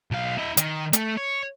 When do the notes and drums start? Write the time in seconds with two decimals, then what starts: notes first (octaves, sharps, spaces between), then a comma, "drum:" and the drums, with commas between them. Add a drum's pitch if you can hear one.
0.11 B1 F5
0.38 E4 D#5
0.57 D#3, drum: hi-hat
0.93 A3, drum: hi-hat
1.17 C#5